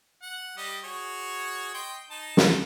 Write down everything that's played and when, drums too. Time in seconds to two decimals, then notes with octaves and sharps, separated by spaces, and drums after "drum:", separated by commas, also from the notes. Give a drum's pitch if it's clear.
0.22 F#5
0.57 G3 G4 D#5
0.84 F#4 G#4 C#5
1.74 D#5 G5 C6
2.10 D#4 A5
2.37 drum: snare